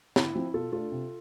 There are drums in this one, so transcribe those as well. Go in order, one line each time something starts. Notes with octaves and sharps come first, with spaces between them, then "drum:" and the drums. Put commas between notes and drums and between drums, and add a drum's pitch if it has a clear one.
D3 E4, drum: snare
F3 C4
B2 F4 A4
A3 D4 F4 A4
C3